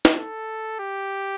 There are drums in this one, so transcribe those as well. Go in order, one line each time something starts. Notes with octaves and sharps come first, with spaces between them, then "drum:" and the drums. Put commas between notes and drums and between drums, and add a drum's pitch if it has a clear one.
drum: snare
A4
G4